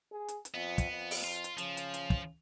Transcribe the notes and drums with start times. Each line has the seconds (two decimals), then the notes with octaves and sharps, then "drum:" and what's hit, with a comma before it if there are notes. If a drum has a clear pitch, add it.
0.12 G#4
0.28 drum: hi-hat
0.45 drum: hi-hat
0.54 F2 B3
0.78 drum: kick, hi-hat
0.91 F2
1.11 drum: open hi-hat
1.24 F4
1.44 drum: hi-hat
1.58 C#3 F3, drum: hi-hat
1.77 drum: hi-hat
1.94 drum: hi-hat
2.10 drum: kick